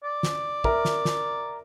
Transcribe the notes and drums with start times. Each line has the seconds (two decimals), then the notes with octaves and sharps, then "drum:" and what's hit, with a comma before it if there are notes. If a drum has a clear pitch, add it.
0.03 D5
0.23 drum: snare
0.64 A#4 E5, drum: kick
0.85 drum: snare
1.05 drum: snare